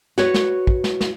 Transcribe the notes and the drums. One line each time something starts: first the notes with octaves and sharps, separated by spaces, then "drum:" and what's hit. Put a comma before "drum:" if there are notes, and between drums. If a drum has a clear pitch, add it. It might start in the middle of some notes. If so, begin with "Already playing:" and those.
F#4 B4 C#5, drum: snare
drum: snare
drum: kick
drum: snare
drum: snare